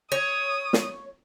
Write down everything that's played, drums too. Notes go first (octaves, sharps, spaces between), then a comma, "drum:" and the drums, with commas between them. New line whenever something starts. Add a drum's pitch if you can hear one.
C#5 D#6
drum: snare